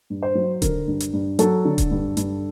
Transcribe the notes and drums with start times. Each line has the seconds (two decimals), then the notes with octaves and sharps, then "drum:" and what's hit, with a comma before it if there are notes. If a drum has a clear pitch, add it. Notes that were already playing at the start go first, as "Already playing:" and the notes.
0.10 G2
0.23 C5
0.35 F#3
0.62 D3 A#4, drum: kick D#1, hi-hat
0.87 G2
1.00 drum: hi-hat
1.13 G2
1.39 F#3 A4, drum: hi-hat
1.65 D3
1.78 drum: kick D#1, hi-hat
1.91 G2
2.17 G2, drum: hi-hat